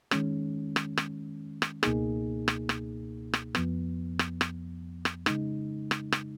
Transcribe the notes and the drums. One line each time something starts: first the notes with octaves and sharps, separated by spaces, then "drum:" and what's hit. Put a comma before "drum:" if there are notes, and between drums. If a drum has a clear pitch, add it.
D#3 G#3 C#4, drum: rim click
drum: rim click
drum: rim click
drum: rim click
C#2 B2 A#3 D#4 G#4, drum: rim click
drum: rim click
drum: rim click
drum: rim click
F2 F3 B3, drum: rim click
drum: rim click
drum: rim click
drum: rim click
C#3 G#3 D#4, drum: rim click
drum: rim click
drum: rim click